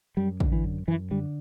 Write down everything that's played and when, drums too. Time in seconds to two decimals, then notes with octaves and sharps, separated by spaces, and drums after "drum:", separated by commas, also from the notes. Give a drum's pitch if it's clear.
0.17 F#2 G3
0.40 D3, drum: kick
0.52 E3
0.64 F#2
0.87 F#2 E3
1.11 D3 G3